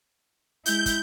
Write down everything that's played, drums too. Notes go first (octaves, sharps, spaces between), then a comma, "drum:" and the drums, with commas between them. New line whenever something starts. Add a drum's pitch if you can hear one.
G#3 E4 G6, drum: hi-hat
drum: kick, hi-hat